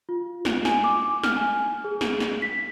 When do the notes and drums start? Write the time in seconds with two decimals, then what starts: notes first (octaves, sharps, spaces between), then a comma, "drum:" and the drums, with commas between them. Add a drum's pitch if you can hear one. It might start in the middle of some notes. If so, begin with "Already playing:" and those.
0.09 F4
0.45 drum: snare
0.65 G#5, drum: snare
0.84 D6
1.24 F6, drum: snare
1.37 G#5
1.84 G#4
2.01 drum: snare
2.20 drum: snare
2.42 B6